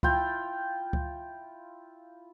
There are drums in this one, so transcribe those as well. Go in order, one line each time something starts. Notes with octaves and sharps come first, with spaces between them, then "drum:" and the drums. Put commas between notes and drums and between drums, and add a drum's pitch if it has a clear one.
E4 F4 G5, drum: kick C#2
drum: kick C#2